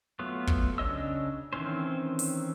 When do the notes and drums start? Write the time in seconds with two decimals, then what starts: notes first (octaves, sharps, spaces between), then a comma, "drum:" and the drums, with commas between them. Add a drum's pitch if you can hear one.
0.19 F#3 A3 B3 F4
0.47 drum: kick
0.78 C#3 D4 C#5 D#5 E6
1.53 D#3 E3 C4 C#4 C5
2.19 drum: open hi-hat